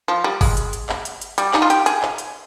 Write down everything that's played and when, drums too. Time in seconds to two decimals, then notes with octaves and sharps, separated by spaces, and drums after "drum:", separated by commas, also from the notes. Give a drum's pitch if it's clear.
0.08 F3
0.24 G3
0.41 G#3, drum: kick G1, open hi-hat
0.57 drum: hi-hat
0.73 drum: hi-hat
0.89 drum: clap
1.05 drum: hi-hat
1.21 drum: hi-hat
1.38 G3, drum: hi-hat
1.54 D#4, drum: clap
1.62 F4
1.70 G4, drum: hi-hat
1.86 G#4, drum: hi-hat
2.02 drum: clap
2.18 drum: hi-hat